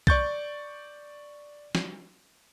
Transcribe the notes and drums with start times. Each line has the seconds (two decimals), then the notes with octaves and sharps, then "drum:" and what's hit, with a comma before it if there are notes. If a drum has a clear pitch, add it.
0.07 D5 C#6 G6 A6, drum: kick B1
1.75 drum: snare